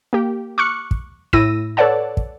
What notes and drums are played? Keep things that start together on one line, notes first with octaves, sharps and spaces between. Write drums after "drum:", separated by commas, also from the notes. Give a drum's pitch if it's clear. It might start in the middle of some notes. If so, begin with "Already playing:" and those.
A#3 G4
C#6 D6 F6 F#6 C#7
drum: kick
A2 E4 E6 A#6 D#7, drum: kick
A4 B4 C#5 D5 F#5 A5
drum: kick